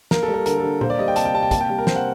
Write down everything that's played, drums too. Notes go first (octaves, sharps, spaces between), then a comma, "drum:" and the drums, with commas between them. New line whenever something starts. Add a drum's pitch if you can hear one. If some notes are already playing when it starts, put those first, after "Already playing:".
A#3 A#4, drum: snare
A4
G3
A#4
D3 A#4, drum: hi-hat
A4
D3
A#3 C5, drum: tom A#2
D5
G3 D#5
G5
C3 A5, drum: hi-hat
G5
C3 A5
G5
A#3 A5, drum: kick, hi-hat
G5
G3
A#4
C3 C5, drum: snare
F#5